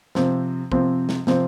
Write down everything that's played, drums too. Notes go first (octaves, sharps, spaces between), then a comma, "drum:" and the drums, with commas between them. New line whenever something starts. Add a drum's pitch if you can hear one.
C3 F3 C4, drum: snare
C3 F3 C4, drum: kick
drum: snare
C3 F3 C4, drum: snare